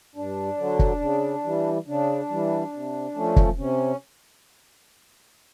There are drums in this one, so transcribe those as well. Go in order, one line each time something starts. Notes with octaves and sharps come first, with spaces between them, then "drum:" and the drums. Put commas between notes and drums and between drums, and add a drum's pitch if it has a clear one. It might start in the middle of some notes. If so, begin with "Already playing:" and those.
G2 D4
D3 F#3
drum: kick
C#3
E3 G3
C#3 D4
E3 G3
C3
F3 A3 C#4
drum: kick
C3 C#4